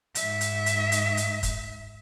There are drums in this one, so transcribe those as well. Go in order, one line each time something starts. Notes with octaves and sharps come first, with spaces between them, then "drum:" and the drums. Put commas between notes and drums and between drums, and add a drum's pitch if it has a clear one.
G#2 E5, drum: hi-hat
drum: hi-hat
drum: hi-hat
drum: hi-hat
drum: hi-hat
drum: kick, hi-hat